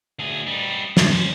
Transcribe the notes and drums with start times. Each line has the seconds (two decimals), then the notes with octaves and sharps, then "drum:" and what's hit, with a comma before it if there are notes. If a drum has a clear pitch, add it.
0.19 D2 G#4
0.47 G3 D#4
0.97 C#4 C5, drum: snare